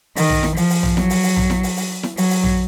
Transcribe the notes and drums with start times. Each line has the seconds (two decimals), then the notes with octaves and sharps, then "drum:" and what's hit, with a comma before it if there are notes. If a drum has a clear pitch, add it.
0.16 D#3, drum: open hi-hat
0.29 drum: tom A#1
0.43 drum: snare E4
0.56 F3, drum: open hi-hat
0.70 drum: open hi-hat
0.83 drum: tom A#1
0.97 F#3, drum: snare E4
1.10 drum: open hi-hat
1.23 drum: open hi-hat
1.36 drum: tom A#1
1.50 drum: snare E4
1.63 drum: open hi-hat
1.77 drum: open hi-hat
2.03 drum: snare E4
2.17 F#3, drum: open hi-hat
2.30 drum: open hi-hat
2.43 drum: tom A#1